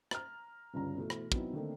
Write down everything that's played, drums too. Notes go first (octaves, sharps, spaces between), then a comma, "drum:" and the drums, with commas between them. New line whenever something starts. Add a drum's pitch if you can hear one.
A#5 F6, drum: rim click
G1 C#2 G2 C#3 A#5
B2 E3 A3
drum: rim click
F#3 B3 C4 D#4 E4, drum: kick
D3 D#3 A3 A#3 C4 D#4